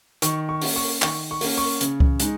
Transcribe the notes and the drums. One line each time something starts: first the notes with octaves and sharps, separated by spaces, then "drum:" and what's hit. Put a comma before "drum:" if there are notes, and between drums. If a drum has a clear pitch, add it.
D#3 C#6, drum: hi-hat
C#6
A#3 C#4, drum: open hi-hat
C#6
D#3 C#6, drum: clap
C#6
A#3 C#4, drum: open hi-hat
C#6
C#3, drum: hi-hat
drum: kick C2
G#3 D#4, drum: hi-hat